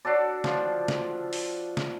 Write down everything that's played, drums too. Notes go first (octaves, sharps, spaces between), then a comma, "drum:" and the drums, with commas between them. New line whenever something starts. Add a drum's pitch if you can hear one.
D4 F#4 A4 D5
F3 F4, drum: snare
drum: snare
drum: open hi-hat
drum: snare